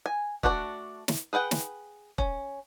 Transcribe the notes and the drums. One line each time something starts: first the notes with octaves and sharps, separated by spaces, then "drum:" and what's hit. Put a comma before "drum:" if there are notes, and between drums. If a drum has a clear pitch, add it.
G#5
A3 D4 F#4 C5 D5, drum: kick
drum: snare
G#4 B4 F#5 G5
drum: snare
C#4, drum: kick